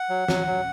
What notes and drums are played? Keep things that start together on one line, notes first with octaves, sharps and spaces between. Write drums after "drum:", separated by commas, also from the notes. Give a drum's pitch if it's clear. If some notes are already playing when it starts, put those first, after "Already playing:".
Already playing: F#5
F#3
F#3, drum: snare
F#3